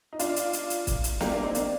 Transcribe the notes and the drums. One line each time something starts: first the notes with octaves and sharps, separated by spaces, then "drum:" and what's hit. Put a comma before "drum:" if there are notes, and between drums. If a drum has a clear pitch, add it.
D#4
D4 F4, drum: hi-hat
drum: hi-hat
drum: hi-hat
drum: hi-hat
drum: kick, hi-hat
drum: hi-hat
G3 A#3, drum: snare
A#3 D4
C4 D#4
A#3 D4, drum: hi-hat